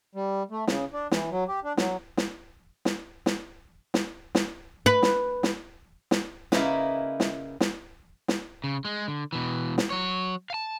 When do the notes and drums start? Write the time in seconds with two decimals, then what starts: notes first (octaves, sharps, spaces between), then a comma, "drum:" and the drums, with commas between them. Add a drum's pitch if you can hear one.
0.15 G3
0.51 A3
0.67 C#3, drum: snare
0.93 D4
1.11 E3, drum: snare
1.31 F#3
1.48 G4
1.64 D4
1.77 F#3, drum: snare
2.17 drum: snare
2.85 drum: snare
3.26 drum: snare
3.94 drum: snare
4.35 drum: snare
4.86 B4
5.03 drum: snare
5.43 drum: snare
6.11 drum: snare
6.52 C#3 A#3 C#4 D#4 E4 B4, drum: snare
7.20 drum: snare
7.60 drum: snare
8.28 drum: snare
8.64 C#3
8.85 G#3
9.08 D3
9.33 B2 E3
9.78 drum: snare
9.90 F#3 C#5
10.50 F5 A5